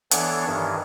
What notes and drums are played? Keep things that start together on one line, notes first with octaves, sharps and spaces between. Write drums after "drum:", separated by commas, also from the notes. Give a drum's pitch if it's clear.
E3 B3 D4 A4 C#5, drum: hi-hat
G2 D#3 E3